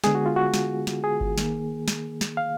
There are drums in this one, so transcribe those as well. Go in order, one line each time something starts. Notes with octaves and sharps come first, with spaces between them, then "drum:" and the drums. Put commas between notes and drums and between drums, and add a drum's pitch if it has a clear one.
D3 G#3 B3 G#4, drum: snare
F#4
F4
F#4
drum: snare
drum: snare
G#4
drum: kick G1
D#3 A#3, drum: snare
drum: snare
drum: snare
F5